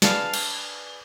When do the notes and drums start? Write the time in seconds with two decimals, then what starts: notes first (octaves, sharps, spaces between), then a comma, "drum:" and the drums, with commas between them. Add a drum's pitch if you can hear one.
0.02 D4 G#4 B4 F5 A5, drum: snare
0.34 drum: cymbal